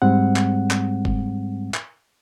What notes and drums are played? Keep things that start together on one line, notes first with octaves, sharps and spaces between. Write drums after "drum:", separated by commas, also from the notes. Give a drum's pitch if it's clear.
G#2 G3 G#3 C4 F#5
drum: clap
drum: clap
drum: kick F#1
drum: clap